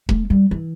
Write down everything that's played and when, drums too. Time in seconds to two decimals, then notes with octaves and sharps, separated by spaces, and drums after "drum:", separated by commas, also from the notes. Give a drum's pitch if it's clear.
0.09 A3, drum: kick E1
0.30 G3
0.51 E3